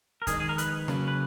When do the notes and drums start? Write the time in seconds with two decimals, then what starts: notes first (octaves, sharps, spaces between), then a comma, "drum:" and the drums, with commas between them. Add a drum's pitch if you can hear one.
0.22 A#4
0.27 F2 D#3 G#3 D#4 G#4, drum: kick C2, hi-hat
0.40 G#4
0.49 A#4
0.58 B4, drum: hi-hat
0.88 C#3 F#3 A#3 C#4, drum: rim click
1.08 B4